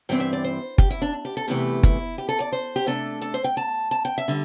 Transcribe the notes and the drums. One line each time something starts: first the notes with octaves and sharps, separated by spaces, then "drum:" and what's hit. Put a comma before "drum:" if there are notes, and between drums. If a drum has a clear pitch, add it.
G2 E3 C4 G5
E5
D5
C5
G4, drum: kick
E4
D4
G4
A4
E2 C3 E3 A3 G4
E4, drum: kick
G4
A4
D5
C5
G4
C3 A3 D4 A4
A4
C5
G5
A5
A5
G5
E5
D3 G3